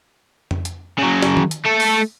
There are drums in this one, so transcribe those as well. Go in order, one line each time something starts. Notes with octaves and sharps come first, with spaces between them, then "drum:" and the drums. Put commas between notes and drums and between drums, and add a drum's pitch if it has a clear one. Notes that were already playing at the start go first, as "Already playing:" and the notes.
drum: tom F2
drum: hi-hat
C#3 F#3
drum: snare
drum: tom D#3
drum: hi-hat
A3 A4
drum: open hi-hat